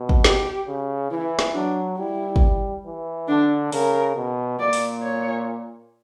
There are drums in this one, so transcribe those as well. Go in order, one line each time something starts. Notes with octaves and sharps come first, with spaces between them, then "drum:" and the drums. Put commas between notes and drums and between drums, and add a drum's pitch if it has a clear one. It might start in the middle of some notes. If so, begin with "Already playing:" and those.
Already playing: B2
drum: kick
G4, drum: snare
C#3
E3 E4
drum: snare
F#3 D4
G3 E4
drum: kick
E3
D3 D4
C#3 A#4, drum: open hi-hat
B2
A#2 D5
drum: open hi-hat
C#5